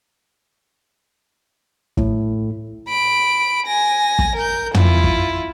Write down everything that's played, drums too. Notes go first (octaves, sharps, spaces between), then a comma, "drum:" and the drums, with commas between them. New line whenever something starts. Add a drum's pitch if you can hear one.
A2, drum: kick
B5 D7
G#5 A#6
drum: kick
A#4 G6
E4 F4, drum: tom
drum: kick